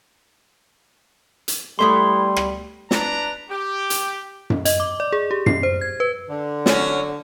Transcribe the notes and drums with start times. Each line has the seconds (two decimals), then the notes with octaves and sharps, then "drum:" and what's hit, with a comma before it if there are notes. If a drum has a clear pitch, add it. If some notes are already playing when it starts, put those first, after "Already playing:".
1.48 drum: hi-hat
1.79 G3 A3 B3 E4 A4 C#5 C6
2.36 drum: rim click
2.91 D4 B4 A#5, drum: snare
3.50 G4
3.90 drum: hi-hat
4.50 drum: tom F#2
4.65 D#5, drum: hi-hat
4.80 D6
5.00 D5
5.13 G#4
5.31 G4
5.46 C7, drum: tom F#2
5.63 C5
5.81 G#6
6.00 B4
6.30 D3
6.66 F#3 C#4, drum: snare